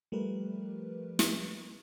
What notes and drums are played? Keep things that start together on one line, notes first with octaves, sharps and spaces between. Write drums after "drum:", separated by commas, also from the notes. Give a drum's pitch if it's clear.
F3 G3 A3 G4 A#4 B4
drum: snare